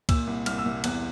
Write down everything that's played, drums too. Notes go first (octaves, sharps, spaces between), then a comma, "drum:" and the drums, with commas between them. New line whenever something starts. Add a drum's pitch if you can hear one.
A#2 E6, drum: kick C#2, cymbal
C2
C2 F6, drum: cymbal
E6
C2
E2 F#6, drum: cymbal